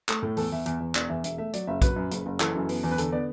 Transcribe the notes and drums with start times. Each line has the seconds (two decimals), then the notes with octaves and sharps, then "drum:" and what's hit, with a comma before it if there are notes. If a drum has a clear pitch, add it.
0.09 A3, drum: clap
0.22 A2
0.37 E2 A4, drum: open hi-hat
0.52 E2 E5
0.66 E2, drum: hi-hat
0.80 E2
0.95 E1 D5, drum: clap
1.09 E2 E5
1.24 E1 E5, drum: hi-hat
1.38 A3 E5
1.53 F#3 D5, drum: hi-hat
1.67 F#1 E5
1.82 F#3 B4, drum: kick, hi-hat
1.96 F#2
2.11 F#1, drum: hi-hat
2.26 F#1
2.40 E3 A4, drum: clap
2.55 F#2
2.69 B3, drum: open hi-hat
2.83 E2
2.91 B4
2.98 D3 A4, drum: hi-hat
3.12 B3 D5